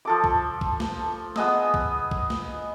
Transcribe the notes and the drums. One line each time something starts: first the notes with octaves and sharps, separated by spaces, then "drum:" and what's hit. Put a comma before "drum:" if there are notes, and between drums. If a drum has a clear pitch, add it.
F3 A4 D6
drum: kick
drum: kick
drum: snare
B3 G#4 D#5 E6, drum: snare
drum: kick
drum: kick
drum: snare